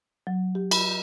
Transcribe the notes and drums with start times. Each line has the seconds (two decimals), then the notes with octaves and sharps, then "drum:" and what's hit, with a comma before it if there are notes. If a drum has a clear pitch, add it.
0.27 F#3
0.55 G4
0.71 B5, drum: cymbal